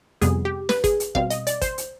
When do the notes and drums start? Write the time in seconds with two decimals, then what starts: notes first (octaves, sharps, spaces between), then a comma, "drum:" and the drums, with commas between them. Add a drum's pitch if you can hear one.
0.21 F2 C3 G3 B3 G#4, drum: hi-hat
0.45 G4
0.69 B4, drum: snare
0.84 G#4, drum: kick, hi-hat
1.00 drum: hi-hat
1.15 B2 G3 C4 F5, drum: kick
1.30 D#5, drum: hi-hat
1.47 D5, drum: hi-hat
1.62 C5, drum: kick, hi-hat
1.78 drum: hi-hat